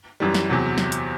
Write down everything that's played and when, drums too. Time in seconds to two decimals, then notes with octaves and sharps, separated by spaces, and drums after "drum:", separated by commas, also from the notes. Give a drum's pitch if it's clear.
0.20 F#2 E3 G3
0.34 drum: snare
0.49 E2 C3 F#3
0.78 drum: snare
0.92 drum: hi-hat